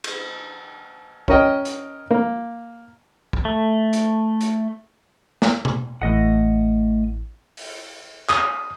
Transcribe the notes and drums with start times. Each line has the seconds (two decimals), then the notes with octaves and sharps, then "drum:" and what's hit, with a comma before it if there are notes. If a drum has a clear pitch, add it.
0.04 drum: cymbal
1.28 C#4 A#4 D#5 G5, drum: kick
1.65 drum: hi-hat
2.11 A#3
3.33 drum: kick
3.45 A3
3.93 drum: hi-hat
4.41 drum: hi-hat
5.42 drum: snare
5.65 drum: tom B2
6.02 A1 E3 A3 D#5 F#5
7.57 drum: open hi-hat
8.29 D#6, drum: clap